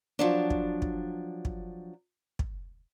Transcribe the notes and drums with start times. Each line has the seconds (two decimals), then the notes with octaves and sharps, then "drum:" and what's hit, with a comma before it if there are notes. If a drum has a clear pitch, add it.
0.19 F3 F#3 D4
0.50 drum: kick
0.82 drum: kick
1.45 drum: kick
2.39 drum: kick